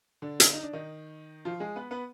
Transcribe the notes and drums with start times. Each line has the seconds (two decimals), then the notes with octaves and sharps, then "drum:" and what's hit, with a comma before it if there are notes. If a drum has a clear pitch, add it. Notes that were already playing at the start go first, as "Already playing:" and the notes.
0.22 D3 D4
0.40 drum: hi-hat
0.53 D#4
0.63 D4
0.73 D#3 D#4
1.45 F3 F4
1.60 G#3 G#4
1.76 B3 B4
1.91 B3 B4